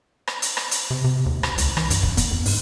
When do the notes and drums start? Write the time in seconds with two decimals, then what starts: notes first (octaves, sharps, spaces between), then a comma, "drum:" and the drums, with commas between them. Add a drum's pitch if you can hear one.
0.27 drum: rim click
0.42 drum: hi-hat
0.57 drum: rim click
0.71 drum: hi-hat
0.91 C3
1.04 C3
1.26 D#2
1.43 D#2, drum: rim click
1.58 C#2, drum: hi-hat
1.77 E3, drum: rim click
1.90 G2, drum: hi-hat
2.03 E2, drum: kick
2.17 B3, drum: kick, hi-hat
2.31 F2
2.45 G#2, drum: open hi-hat